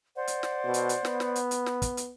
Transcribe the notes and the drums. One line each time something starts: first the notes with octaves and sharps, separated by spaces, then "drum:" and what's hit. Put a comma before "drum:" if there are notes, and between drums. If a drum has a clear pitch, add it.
C5 D5 F#5
drum: hi-hat
drum: snare
B2
drum: hi-hat
drum: hi-hat
B3, drum: snare
drum: snare
drum: hi-hat
drum: hi-hat
drum: snare
drum: kick, hi-hat
drum: hi-hat